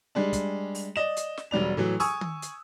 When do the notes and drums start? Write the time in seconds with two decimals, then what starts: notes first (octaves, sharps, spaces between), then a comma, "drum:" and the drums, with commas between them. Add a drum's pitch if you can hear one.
0.15 G3 G#3 D4
0.33 drum: kick, hi-hat
0.75 drum: open hi-hat
0.96 D5 D#5 E7
1.17 drum: hi-hat
1.37 drum: snare
1.51 E1 F#3 G3 D5 F7
1.77 A2 E3 F#3
2.00 G#5 C#6 D#6 E6, drum: open hi-hat
2.21 drum: tom D#3
2.42 drum: hi-hat